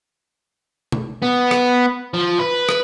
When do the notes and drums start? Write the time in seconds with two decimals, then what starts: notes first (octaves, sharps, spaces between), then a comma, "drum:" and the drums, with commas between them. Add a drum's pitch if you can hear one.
0.92 drum: tom B2
1.22 B3
1.51 drum: rim click
2.14 F3
2.39 B4
2.69 drum: rim click